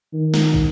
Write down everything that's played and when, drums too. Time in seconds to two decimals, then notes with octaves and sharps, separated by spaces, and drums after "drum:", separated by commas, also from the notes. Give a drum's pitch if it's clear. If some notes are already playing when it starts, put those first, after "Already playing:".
0.13 D#3
0.34 drum: snare
0.54 drum: kick